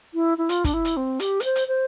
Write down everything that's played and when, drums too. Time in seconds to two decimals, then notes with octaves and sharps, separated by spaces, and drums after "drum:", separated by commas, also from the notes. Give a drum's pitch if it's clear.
0.14 E4
0.38 E4
0.49 F4, drum: hi-hat
0.64 D4, drum: kick, hi-hat
0.73 E4
0.85 drum: hi-hat
0.96 C4
1.20 G4, drum: hi-hat
1.40 B4, drum: hi-hat
1.44 C5
1.56 drum: hi-hat
1.67 C5